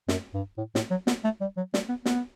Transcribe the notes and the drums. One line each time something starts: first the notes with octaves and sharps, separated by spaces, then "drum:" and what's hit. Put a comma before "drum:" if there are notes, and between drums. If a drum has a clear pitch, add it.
F#2, drum: snare
G2
A2
A2, drum: snare
F#3
B3, drum: snare
A3
G3
F#3
G3, drum: snare
B3
B3, drum: snare